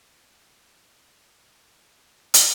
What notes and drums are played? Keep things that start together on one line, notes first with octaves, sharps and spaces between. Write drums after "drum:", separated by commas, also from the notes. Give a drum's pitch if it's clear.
B2
G#2
A#2
A#2
B2
C#3
drum: hi-hat